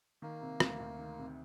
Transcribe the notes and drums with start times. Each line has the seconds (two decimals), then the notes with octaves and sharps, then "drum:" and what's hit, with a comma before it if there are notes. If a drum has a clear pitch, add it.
0.22 D#3 A#3
0.42 C3
0.60 D2, drum: rim click
0.80 D2
0.99 D#3
1.19 C3